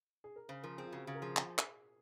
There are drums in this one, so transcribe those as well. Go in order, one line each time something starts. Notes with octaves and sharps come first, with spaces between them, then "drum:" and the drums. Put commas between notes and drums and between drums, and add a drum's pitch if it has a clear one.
G#4
A#4
C#3 C5
F3 A#4
C4 G#4
F4
C#3 F#4
C#3 F#4
A#4
F3 G#4
G#4, drum: clap
drum: clap